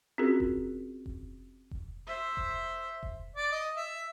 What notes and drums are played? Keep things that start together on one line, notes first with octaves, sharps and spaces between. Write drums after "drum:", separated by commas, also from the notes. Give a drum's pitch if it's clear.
C4 C#4 F4 F#4 G#4 A#4
drum: kick F1
drum: kick F1
drum: kick F1
C5 E5
drum: kick F1
drum: kick F1
D5
D#5
E5